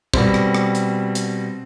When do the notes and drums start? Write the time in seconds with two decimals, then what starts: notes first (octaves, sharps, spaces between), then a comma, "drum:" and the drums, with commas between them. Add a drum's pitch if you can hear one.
0.14 B2 G3 C4, drum: kick
0.34 drum: rim click
0.54 drum: rim click
0.75 drum: hi-hat
1.15 drum: hi-hat